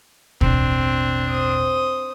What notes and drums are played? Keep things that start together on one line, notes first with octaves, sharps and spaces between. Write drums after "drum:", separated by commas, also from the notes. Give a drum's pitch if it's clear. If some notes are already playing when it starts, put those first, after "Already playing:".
A1 E2 B2 C4 D4, drum: kick
C5 D#6